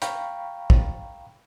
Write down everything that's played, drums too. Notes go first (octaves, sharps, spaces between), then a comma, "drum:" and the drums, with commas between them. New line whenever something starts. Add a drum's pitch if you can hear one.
F5 G5 A#5 B5 C#6, drum: hi-hat
drum: kick